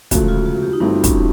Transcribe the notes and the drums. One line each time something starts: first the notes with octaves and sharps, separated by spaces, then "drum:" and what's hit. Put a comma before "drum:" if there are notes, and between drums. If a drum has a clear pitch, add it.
E1 D2 C#3 F3 A3 F#4, drum: kick, hi-hat
F4
F#4
G4
D#4
G1 G2 E3 A3 C4 D4
C#4, drum: kick, hi-hat